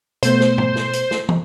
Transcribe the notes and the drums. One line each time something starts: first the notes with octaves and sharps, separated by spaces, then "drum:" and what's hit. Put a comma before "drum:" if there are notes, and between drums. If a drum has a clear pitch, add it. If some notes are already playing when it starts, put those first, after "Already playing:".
B2 A3 B3 C5, drum: hi-hat
drum: snare
drum: tom G#2
drum: snare
drum: hi-hat
drum: snare
drum: tom